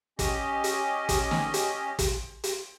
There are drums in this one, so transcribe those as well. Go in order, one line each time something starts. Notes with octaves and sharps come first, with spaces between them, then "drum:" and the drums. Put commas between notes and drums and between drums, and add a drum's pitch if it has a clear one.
C#4 G4 D#5, drum: kick, hi-hat
drum: hi-hat
drum: kick, hi-hat
drum: snare
drum: hi-hat
drum: kick, hi-hat
drum: hi-hat